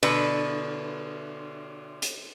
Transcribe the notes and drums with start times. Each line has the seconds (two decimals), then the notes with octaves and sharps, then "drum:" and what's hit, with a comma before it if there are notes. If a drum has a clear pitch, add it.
0.03 B2 D3 B4, drum: cymbal
2.02 drum: hi-hat